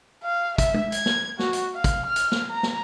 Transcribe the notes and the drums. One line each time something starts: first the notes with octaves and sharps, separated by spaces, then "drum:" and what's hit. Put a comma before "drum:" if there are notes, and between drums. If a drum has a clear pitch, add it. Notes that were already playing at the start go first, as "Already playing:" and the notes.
F5
E5, drum: kick, hi-hat
drum: tom
G#6, drum: hi-hat
drum: snare
F#4, drum: snare
drum: hi-hat
F5
drum: kick, hi-hat
F6
drum: hi-hat
drum: snare
A#5
drum: snare